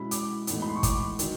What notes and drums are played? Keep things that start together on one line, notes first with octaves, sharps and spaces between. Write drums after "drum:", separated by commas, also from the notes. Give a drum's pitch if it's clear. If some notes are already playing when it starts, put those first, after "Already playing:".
Already playing: B2 G#3 C#4 E4 B5
D6, drum: hi-hat
A2 E3 G#3 B3 D#4, drum: hi-hat
B5
C6
C#6
D6, drum: kick, hi-hat
D#3 F#3, drum: hi-hat